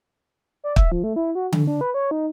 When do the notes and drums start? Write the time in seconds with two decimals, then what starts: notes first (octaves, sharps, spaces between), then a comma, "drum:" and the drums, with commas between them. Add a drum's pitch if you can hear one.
0.64 D5
0.76 E5, drum: kick
0.92 F3
1.04 A3
1.16 E4
1.35 F#4
1.53 D3, drum: tom D3
1.67 D4
1.81 B4
1.94 C#5
2.11 D#4